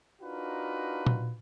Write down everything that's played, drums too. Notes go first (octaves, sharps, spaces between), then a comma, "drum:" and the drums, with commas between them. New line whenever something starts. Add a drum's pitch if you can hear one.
D4 D#4 F4 F#4 A#4 B4
drum: tom